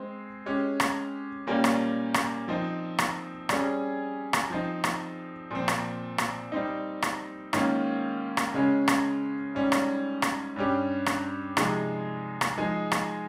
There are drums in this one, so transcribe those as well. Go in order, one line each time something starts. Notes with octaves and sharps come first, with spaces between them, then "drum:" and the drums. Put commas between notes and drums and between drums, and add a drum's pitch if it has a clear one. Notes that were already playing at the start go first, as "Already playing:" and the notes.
Already playing: G#3 C4
G#3 C#4 G4
drum: rim click
A#2 G3 A#3 C#4 G4
drum: rim click
drum: rim click
F3 C4 D#4
drum: rim click
G3 C#4 G#4, drum: rim click
drum: rim click
F3 C4 D#4
drum: rim click
A#2 F3 C4
drum: rim click
drum: rim click
G3 C4 D#4
drum: rim click
G#2 D#3 A#3 C#4 F4, drum: rim click
drum: rim click
C#3 G#3 C#4
drum: rim click
G#2 G3 C#4
drum: rim click
drum: rim click
G2 G3 C#4 G4
drum: rim click
C3 F3 G#3 D#4 G#4, drum: rim click
drum: rim click
F3 G#3 D#4 G#4
drum: rim click